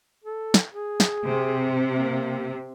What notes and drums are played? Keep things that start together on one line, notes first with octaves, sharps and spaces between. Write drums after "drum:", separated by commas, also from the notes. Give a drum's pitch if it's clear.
A4
drum: snare
G#4
drum: snare
C3
A#3